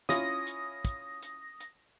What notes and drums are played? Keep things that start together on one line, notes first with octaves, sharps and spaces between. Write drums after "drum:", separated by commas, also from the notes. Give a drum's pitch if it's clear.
C#4 E4 F4 D#6 A#6, drum: snare
drum: hi-hat
drum: kick, hi-hat
drum: hi-hat
drum: hi-hat